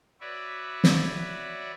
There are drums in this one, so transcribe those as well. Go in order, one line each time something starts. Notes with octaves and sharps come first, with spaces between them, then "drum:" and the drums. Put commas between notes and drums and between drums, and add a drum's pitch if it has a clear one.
F#4 B4 C#5 D5 E5
drum: snare